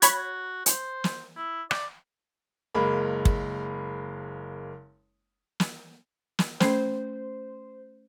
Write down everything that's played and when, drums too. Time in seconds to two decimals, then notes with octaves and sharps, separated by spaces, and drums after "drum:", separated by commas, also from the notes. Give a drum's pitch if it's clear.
0.02 F#4 C#5 B5 G#6, drum: hi-hat
0.66 C5, drum: hi-hat
1.04 drum: snare
1.37 E4
1.71 D5, drum: rim click
2.75 F#1 G#3 A#3 B5
3.25 drum: kick
5.60 drum: snare
6.39 drum: snare
6.60 A3 C#4 A4 C5, drum: snare